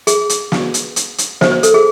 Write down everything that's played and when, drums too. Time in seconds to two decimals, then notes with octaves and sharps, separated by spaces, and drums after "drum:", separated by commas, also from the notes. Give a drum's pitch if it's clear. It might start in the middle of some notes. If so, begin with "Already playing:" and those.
0.07 G#4, drum: hi-hat
0.29 drum: hi-hat
0.52 drum: snare
0.74 drum: hi-hat
0.96 drum: hi-hat
1.18 drum: hi-hat
1.41 C5, drum: snare
1.51 C5
1.63 A4, drum: hi-hat
1.74 G#4